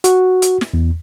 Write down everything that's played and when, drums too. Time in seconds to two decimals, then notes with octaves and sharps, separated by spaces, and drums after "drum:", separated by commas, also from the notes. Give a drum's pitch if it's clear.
0.04 F#4, drum: hi-hat
0.42 drum: hi-hat
0.61 drum: snare
0.74 E2